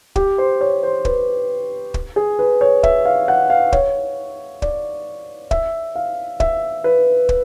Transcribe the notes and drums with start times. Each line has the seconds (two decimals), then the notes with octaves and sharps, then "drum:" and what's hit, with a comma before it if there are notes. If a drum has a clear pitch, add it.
0.16 G4, drum: kick
0.38 C5
0.61 C#5
0.83 C5
1.05 B4, drum: kick
1.94 drum: kick
2.16 G#4
2.39 B4
2.61 C#5
2.83 E5, drum: kick
3.05 F5
3.28 F#5
3.50 F5
3.72 C#5, drum: kick
4.62 D5, drum: kick
5.51 E5, drum: kick
5.95 F5
6.40 E5, drum: kick
6.84 B4
7.29 drum: kick